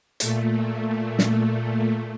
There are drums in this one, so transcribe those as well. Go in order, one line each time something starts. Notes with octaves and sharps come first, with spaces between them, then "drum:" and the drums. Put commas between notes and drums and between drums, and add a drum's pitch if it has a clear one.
A#2 A3, drum: hi-hat
drum: snare